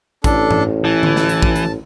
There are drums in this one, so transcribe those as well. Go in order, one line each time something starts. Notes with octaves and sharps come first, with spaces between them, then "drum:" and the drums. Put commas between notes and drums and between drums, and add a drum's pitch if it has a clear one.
A1 D4 A4, drum: kick A#1, hi-hat
drum: tom G#2
E3 A5
drum: tom D3
drum: snare
drum: hi-hat
drum: kick A#1
drum: hi-hat